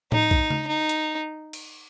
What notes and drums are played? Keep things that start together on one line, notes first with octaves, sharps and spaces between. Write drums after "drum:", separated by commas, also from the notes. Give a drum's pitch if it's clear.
D#4, drum: tom A2
drum: kick B1
drum: tom C#3
D#4
drum: hi-hat
drum: cymbal